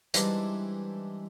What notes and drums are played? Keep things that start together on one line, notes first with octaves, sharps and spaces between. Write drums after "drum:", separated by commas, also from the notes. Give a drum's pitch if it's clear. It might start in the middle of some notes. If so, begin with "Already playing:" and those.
E3 G3 G#3 D4 D#4 C5, drum: hi-hat